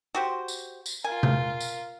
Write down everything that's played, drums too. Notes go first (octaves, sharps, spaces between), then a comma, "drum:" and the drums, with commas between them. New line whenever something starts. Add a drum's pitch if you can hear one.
F#4 G4 C5
drum: tambourine
drum: tambourine
F4 A#4 G#5
drum: tom C3
drum: tambourine